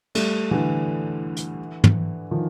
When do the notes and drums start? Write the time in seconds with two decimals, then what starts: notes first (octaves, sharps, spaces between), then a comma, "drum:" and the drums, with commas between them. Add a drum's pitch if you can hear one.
0.15 G3 A3, drum: cymbal
0.51 D3 E3
1.37 drum: hi-hat
1.84 drum: tom
2.31 D#3 F3